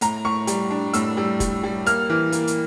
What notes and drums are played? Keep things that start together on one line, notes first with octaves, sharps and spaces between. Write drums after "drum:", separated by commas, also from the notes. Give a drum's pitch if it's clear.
A2 A#5, drum: hi-hat
A2 C#6
G3, drum: hi-hat
D4
A2 E6, drum: hi-hat
G3
G3, drum: kick F1, hi-hat
G3
A#3 F6, drum: hi-hat
E3
A#3, drum: hi-hat
drum: hi-hat